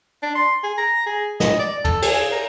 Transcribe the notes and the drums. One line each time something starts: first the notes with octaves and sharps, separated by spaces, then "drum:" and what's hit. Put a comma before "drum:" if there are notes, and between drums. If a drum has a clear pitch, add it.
D4
C6
G#4
A#5
G#4
D#5, drum: snare
D5
A4, drum: tom
G#4, drum: cymbal
A#4